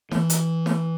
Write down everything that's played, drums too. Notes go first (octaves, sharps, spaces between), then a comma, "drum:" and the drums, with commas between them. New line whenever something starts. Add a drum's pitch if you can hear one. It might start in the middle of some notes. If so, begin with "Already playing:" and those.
E3, drum: snare
drum: hi-hat
drum: snare